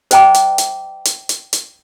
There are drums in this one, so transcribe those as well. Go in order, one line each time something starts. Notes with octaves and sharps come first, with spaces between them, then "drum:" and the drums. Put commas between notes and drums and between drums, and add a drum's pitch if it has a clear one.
C5 D#5 G5 G#5 A#5 D6, drum: hi-hat
drum: hi-hat
drum: hi-hat
drum: hi-hat
drum: hi-hat
drum: hi-hat